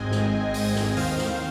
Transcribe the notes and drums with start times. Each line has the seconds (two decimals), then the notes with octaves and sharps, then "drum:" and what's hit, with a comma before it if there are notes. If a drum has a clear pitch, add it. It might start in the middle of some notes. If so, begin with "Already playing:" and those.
Already playing: G#1 G#2 G#3 C4 D#5 G#5
0.11 drum: snare
0.54 drum: open hi-hat
0.75 drum: snare
0.97 D#2 D#3 C4 C5 F5, drum: open hi-hat
1.18 drum: snare